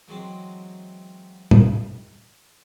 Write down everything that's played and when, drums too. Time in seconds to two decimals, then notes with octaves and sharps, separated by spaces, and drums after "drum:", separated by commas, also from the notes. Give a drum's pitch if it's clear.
0.08 E3 F#3 G#3 C4
1.51 drum: tom